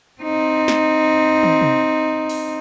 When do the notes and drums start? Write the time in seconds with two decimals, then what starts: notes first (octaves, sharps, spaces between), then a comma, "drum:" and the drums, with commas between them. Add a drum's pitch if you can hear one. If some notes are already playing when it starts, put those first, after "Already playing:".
0.22 C4 D#4
0.68 drum: snare
1.43 drum: tom
1.61 drum: tom C3
2.29 drum: open hi-hat